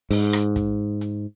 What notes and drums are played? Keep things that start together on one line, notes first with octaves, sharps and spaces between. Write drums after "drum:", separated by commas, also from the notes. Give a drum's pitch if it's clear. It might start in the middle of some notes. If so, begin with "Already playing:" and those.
G#2, drum: open hi-hat
drum: rim click
drum: kick, hi-hat
drum: hi-hat